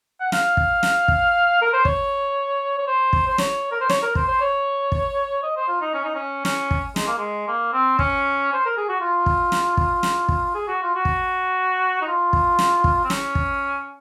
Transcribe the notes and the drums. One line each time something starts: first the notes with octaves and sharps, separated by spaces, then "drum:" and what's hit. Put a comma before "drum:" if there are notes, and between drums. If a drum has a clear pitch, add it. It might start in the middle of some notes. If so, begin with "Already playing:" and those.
F#5
F5, drum: snare
drum: kick
drum: snare
drum: kick
A#4
C5
C#5, drum: kick
C#5
C5
drum: kick
C5
C#5, drum: snare
A#4
C5
C#5, drum: snare
A#4
C5, drum: kick
C5
C#5
drum: kick
D#5
C5
F4
D#4
C#4
D#4
C#4
C#4, drum: snare
drum: kick
G#3, drum: snare
A#3
G#3
A#3
C4
C#4, drum: kick
C5
A#4
G#4
F#4
F4
drum: kick
drum: snare
drum: kick
drum: snare
drum: kick
G#4
F#4
F4
F#4
drum: kick
D#4
F4
drum: kick
drum: snare
drum: kick
C4
C#4, drum: snare
drum: kick